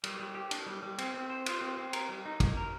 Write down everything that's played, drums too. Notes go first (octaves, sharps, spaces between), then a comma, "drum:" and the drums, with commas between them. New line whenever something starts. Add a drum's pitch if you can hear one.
G3, drum: cymbal
G3
G4
D4, drum: cymbal
G3
G3
C4, drum: cymbal
C4
C5
F4, drum: cymbal
C4
C4
A#4, drum: cymbal
G3
D#4
A#3, drum: kick, cymbal
A#4